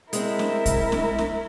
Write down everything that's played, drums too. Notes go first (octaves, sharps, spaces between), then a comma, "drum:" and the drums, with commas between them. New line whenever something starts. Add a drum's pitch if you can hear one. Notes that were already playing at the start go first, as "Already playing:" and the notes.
G#3 C4 E4 A#4, drum: hi-hat
drum: snare
drum: kick, hi-hat
drum: snare
drum: snare